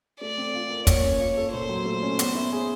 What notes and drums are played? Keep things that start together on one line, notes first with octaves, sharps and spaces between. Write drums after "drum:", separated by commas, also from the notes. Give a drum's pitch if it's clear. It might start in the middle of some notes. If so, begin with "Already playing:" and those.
A3 D5
C4
F4
A#4
A#3 C#5, drum: kick, hi-hat
C#4
F4
A4
A#2 C5
F#3
A3
C#4
B3, drum: hi-hat
E4
G#4